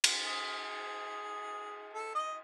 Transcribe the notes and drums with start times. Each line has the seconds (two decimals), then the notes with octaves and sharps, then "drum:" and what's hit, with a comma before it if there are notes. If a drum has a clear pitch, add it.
0.04 drum: cymbal
0.25 G#4
1.94 A4
2.15 D#5